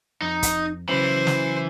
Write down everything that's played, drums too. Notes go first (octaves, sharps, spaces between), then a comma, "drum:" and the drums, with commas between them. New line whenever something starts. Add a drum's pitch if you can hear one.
F2 D#4
drum: kick, hi-hat
C#3 E3 F#3 C#4 C5
drum: snare